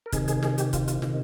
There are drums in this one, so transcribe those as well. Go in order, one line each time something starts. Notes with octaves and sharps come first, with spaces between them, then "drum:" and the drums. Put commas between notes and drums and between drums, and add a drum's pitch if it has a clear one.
A#4
C3 D#3 G#4, drum: kick, hi-hat
G#4, drum: hi-hat
G#4, drum: snare
G4, drum: hi-hat
F4, drum: kick, hi-hat
F4, drum: hi-hat
C3 D#3, drum: snare